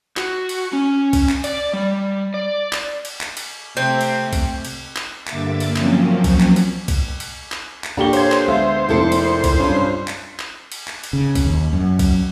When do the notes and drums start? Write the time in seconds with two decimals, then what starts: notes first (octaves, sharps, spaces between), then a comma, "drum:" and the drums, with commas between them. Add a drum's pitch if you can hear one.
0.17 F#4, drum: clap
0.49 drum: cymbal
0.73 C#4
1.13 drum: kick, cymbal
1.29 drum: clap
1.44 D5, drum: cymbal
1.73 G3
2.34 D5
2.73 drum: clap
3.05 drum: cymbal
3.21 drum: clap
3.37 drum: cymbal
3.77 C3 A3 C4
4.01 drum: cymbal
4.33 drum: kick, cymbal
4.65 drum: cymbal
4.96 drum: clap
5.27 G2 D3 A#3 E5 D6 A6, drum: clap
5.60 drum: cymbal
5.76 F3 F#3 A#3 C4 C#4, drum: clap
6.24 drum: kick, cymbal
6.40 drum: clap
6.56 drum: cymbal
6.88 drum: kick, cymbal
7.20 drum: cymbal
7.52 drum: clap
7.84 drum: clap
7.97 A#2 D4 G4 A4 A#5 C#6 G7
8.13 C5 C#5 F5 G#6, drum: cymbal
8.32 drum: clap
8.48 D2 G#3 B3 E5 F5
8.89 F1 F2 A#3 E4 A4
9.12 drum: cymbal
9.44 drum: kick, cymbal
9.59 G2 C#4 F4
10.08 drum: clap
10.40 drum: clap
10.72 drum: cymbal
10.88 drum: clap
11.04 drum: cymbal
11.13 C#3
11.35 drum: kick, cymbal
11.46 D#2
11.73 F#2
11.99 drum: kick, cymbal